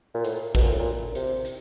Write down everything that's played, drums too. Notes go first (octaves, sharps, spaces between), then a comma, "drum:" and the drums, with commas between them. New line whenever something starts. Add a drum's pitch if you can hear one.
A#2
A2, drum: hi-hat
B2, drum: kick G#1, hi-hat
A#2
A2
A#2
C3, drum: hi-hat
drum: hi-hat